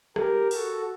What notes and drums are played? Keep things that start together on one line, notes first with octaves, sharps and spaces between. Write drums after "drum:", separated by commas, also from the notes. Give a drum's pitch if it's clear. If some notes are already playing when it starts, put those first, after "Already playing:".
G4 A#4, drum: rim click
F#4 A4, drum: open hi-hat